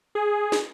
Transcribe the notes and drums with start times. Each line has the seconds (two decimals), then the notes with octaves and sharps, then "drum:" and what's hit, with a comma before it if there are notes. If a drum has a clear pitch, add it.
0.15 G#4
0.52 drum: snare